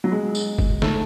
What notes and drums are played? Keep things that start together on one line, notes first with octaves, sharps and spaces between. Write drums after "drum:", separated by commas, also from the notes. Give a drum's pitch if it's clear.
F#3
G#3
drum: tambourine
drum: kick F#1
A3, drum: snare